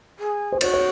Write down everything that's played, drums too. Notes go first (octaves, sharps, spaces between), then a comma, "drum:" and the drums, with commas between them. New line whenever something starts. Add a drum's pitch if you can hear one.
G#4
C5
F#4 C#5, drum: cymbal
C#5